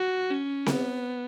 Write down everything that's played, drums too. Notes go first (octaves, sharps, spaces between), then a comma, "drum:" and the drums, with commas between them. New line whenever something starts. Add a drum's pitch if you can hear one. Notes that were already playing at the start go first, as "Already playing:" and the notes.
Already playing: F#4
C#4
B3, drum: snare C4